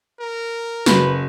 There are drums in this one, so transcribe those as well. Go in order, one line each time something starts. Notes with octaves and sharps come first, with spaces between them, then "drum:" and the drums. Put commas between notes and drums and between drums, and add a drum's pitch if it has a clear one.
A#4
F#1 F#3 B4, drum: snare